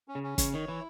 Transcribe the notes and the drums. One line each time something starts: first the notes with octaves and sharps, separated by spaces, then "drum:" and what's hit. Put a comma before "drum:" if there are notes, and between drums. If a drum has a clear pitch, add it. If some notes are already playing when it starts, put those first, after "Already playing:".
C#4
C#3
C#4
C#3 C#5, drum: kick, hi-hat
D#3 C#5
E3 E4